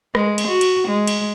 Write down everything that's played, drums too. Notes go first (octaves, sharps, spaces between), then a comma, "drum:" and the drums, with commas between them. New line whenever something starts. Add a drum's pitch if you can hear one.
G#3, drum: rim click
drum: cymbal
F#4
drum: cymbal
G#3
drum: cymbal